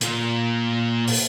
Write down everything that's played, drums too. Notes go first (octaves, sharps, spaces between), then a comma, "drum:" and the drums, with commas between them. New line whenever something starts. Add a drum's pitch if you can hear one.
A#2 F4, drum: hi-hat
drum: open hi-hat